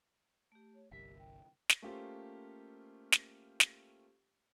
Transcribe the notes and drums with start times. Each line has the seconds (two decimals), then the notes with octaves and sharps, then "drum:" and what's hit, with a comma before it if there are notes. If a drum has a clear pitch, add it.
0.52 A3 G4
0.74 C#5
0.91 G1 C2 G4 A#4 E5
1.19 G5
1.69 drum: snare
1.82 A3 A#3 C#4 F4 G4 C5
3.12 drum: snare
3.60 drum: snare